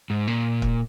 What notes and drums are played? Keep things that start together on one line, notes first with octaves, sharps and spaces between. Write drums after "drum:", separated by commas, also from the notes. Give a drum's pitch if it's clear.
G#2
A#2
drum: kick